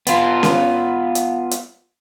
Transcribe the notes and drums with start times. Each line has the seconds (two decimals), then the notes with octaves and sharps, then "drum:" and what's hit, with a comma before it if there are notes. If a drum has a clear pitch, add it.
0.07 B3 F4, drum: hi-hat
0.43 drum: snare C#4
1.15 drum: hi-hat
1.51 drum: hi-hat